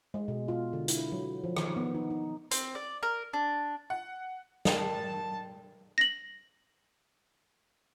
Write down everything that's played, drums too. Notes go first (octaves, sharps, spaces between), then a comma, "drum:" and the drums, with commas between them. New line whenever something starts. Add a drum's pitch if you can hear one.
G#3
B2
F4
D3
E4, drum: hi-hat
F#3
F3
D#3, drum: rim click
B3
D#4
D#4
C4, drum: hi-hat
D5
A#4
D4
F#5
A#4 G5 A5, drum: snare
A#6 F#7